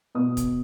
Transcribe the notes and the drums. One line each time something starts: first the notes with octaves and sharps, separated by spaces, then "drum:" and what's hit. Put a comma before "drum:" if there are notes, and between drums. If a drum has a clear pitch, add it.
B2 D#6
drum: kick, hi-hat